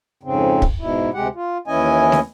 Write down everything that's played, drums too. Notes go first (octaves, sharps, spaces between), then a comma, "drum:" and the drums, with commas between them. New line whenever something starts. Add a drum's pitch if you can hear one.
F2 G#2 C#3 C4
drum: kick
G#2 B2 E4
D2 C3 G#3 G4 F#5
F4
D#2 E3 C#4 E4 D#5 G#5
drum: snare